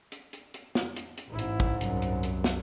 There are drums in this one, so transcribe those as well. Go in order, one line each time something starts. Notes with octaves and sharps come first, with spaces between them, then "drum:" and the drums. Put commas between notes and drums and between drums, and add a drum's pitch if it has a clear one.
drum: hi-hat
drum: hi-hat
drum: hi-hat
drum: snare
drum: hi-hat
drum: hi-hat
A1 G#2 E4
drum: hi-hat
drum: kick
C2 F#2, drum: hi-hat
drum: hi-hat
drum: hi-hat
drum: snare